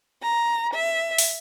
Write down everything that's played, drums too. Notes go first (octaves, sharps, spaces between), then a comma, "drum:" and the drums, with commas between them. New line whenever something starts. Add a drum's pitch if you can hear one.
A#5
E5
drum: open hi-hat